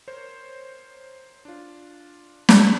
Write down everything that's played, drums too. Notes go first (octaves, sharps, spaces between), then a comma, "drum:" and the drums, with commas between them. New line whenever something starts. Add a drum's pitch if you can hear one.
A#4 C5 C#5
D4 F4
G#1 C#3 F3 D4 D5 G5, drum: snare